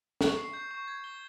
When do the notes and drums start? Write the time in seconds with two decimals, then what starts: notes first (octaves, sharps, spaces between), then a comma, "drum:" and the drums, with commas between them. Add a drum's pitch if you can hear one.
0.21 C#6, drum: snare
0.37 C7
0.53 G6
0.71 C#6
0.88 G#6
1.04 G7